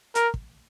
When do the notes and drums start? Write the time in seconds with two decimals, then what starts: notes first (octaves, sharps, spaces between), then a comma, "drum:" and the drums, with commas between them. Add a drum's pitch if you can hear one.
0.15 A#4, drum: hi-hat
0.34 drum: kick